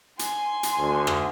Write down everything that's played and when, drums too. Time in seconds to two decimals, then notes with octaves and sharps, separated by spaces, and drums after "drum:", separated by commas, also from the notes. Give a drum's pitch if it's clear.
0.19 G#5 C6, drum: hi-hat
0.63 drum: hi-hat
0.78 D2
1.07 drum: rim click